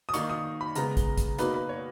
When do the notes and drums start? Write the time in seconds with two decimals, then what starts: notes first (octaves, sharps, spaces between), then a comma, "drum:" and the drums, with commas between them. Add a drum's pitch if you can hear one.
0.09 D#6
0.14 D#3 A#3 D#4 C#6, drum: hi-hat
0.30 D#6
0.61 B5
0.75 C#3 G#3 B3 A#5, drum: hi-hat
0.97 drum: kick, hi-hat
1.17 drum: kick, hi-hat
1.38 B2 A#3 D#4 B4, drum: hi-hat
1.54 B4
1.69 C#5